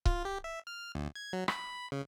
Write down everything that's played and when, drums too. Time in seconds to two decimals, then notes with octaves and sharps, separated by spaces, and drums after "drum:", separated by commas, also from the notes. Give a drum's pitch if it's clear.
0.06 F4, drum: kick C#1
0.25 G4
0.44 E5
0.67 F6
0.95 D2
1.16 G#6
1.33 F#3
1.48 B5, drum: rim click
1.92 C#3